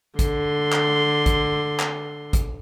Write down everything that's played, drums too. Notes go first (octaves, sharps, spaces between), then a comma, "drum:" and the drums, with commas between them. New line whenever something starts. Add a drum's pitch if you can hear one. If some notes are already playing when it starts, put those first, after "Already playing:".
D3 C6, drum: kick G#1, hi-hat
drum: clap
drum: kick G#1, hi-hat
drum: clap
drum: kick G#1, hi-hat